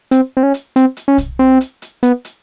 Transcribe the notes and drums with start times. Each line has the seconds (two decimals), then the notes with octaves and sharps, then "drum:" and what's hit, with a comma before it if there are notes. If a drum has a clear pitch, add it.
0.11 C4, drum: hi-hat
0.37 C4
0.43 C#4
0.54 drum: hi-hat
0.76 C4, drum: hi-hat
0.97 drum: hi-hat
1.08 C#4
1.18 drum: kick, hi-hat
1.39 C4
1.61 drum: hi-hat
1.82 drum: hi-hat
2.03 B3, drum: hi-hat
2.25 drum: hi-hat